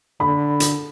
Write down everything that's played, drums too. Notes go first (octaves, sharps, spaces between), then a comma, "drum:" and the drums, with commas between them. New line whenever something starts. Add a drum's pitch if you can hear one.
D3 B5
drum: hi-hat